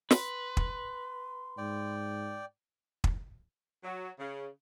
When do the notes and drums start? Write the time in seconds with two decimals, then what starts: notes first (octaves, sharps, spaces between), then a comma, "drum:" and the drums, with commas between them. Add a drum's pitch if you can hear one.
0.11 B4 C6, drum: snare
0.57 drum: kick
1.58 G#2 D5 G5
3.04 drum: kick
3.84 F#3
4.18 C#3